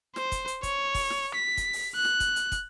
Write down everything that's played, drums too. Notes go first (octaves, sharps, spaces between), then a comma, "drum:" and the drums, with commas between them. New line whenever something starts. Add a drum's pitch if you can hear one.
C5, drum: snare
drum: kick, hi-hat
drum: hi-hat
C#5, drum: kick, hi-hat
drum: kick, open hi-hat
drum: snare
B6
drum: kick, hi-hat
drum: open hi-hat
F#6
drum: snare
drum: kick, hi-hat
drum: hi-hat
drum: kick, hi-hat